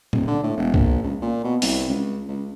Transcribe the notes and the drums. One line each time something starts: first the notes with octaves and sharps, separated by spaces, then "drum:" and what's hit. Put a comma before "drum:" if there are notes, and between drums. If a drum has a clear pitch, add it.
D#1, drum: tom A#2
D3
A2
E1
A#1, drum: kick C2
C#2
A#2
B2
C2, drum: open hi-hat
C#2
C#2